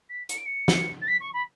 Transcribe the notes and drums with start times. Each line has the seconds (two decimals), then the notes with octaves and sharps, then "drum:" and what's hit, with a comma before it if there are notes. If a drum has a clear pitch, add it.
0.09 B6
0.29 C#7, drum: hi-hat
0.37 D7
0.45 C#7
0.68 drum: snare
1.01 A6
1.07 B6
1.20 C#6
1.33 B5